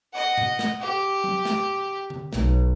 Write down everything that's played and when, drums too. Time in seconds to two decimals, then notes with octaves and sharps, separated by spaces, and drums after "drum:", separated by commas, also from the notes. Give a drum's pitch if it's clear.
0.13 D#5 F#5
0.38 drum: tom A2
0.59 drum: snare
0.81 G4
1.24 drum: tom F#3
1.45 drum: snare
2.10 drum: tom D3
2.33 B1, drum: snare